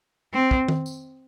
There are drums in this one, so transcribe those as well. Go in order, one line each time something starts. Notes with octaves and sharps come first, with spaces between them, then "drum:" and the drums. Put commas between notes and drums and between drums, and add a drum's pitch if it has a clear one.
C4
drum: kick
drum: tom D#3
drum: tambourine